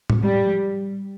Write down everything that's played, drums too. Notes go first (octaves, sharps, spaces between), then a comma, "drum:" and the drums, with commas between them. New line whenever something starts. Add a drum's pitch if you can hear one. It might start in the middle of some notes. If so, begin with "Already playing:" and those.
drum: tom A2
G3